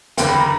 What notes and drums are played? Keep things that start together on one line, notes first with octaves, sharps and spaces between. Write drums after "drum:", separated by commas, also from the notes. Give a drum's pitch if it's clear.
F#1 E2 D3 G5, drum: hi-hat
B5
A#5